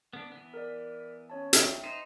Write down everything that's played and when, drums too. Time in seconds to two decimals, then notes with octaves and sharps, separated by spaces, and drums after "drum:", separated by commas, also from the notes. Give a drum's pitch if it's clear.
0.13 B3 D4
0.32 E3 B3
0.54 A#4 D5
1.30 C#4 C#5 A5
1.53 E5 G5, drum: hi-hat
1.84 D#4 C5